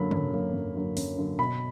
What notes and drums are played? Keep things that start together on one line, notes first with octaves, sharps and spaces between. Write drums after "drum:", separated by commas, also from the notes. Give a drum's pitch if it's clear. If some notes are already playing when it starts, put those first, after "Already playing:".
Already playing: F#2 D3 F#3 A#3 B5
F#2, drum: tom
D3 F#3 A#3
F#2
D3 F#3 A#3
F#2, drum: open hi-hat
D3 F#3 A#3
B2 B5